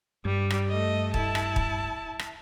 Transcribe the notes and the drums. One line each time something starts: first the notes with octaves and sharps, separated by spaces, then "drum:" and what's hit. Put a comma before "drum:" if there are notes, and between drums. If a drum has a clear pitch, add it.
G2 G3
drum: rim click
A3 D#5
E4 A5, drum: kick
drum: rim click
drum: kick
drum: rim click